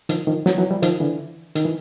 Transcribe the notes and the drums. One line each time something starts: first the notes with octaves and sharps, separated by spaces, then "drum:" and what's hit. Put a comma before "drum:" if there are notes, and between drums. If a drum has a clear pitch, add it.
D#3 F3, drum: hi-hat
D#3 F3
E3 F#3, drum: snare
E3 F#3
F3 G3
D#3 F3, drum: hi-hat
D3 E3
D#3, drum: hi-hat
E3